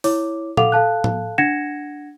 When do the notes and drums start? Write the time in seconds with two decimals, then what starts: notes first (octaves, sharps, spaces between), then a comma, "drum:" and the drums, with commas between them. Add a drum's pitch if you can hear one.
0.04 E4 C#5 D6, drum: open hi-hat
0.57 A4 F5 F#5 D6 F7, drum: tom A#2
0.72 A4 F5 A5 F#6
1.04 drum: tom
1.38 D4 F#5 G#6 A#6 C#7 E7